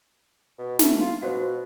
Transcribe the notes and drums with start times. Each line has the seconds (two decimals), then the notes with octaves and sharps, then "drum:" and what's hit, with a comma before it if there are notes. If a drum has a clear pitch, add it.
0.58 B2
0.79 A3, drum: snare
1.00 F4
1.22 B2 F#4 C5